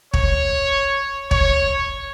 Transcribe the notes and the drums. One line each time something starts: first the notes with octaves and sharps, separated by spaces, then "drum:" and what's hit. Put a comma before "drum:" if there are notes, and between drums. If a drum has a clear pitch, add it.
C#5, drum: kick
C#5, drum: kick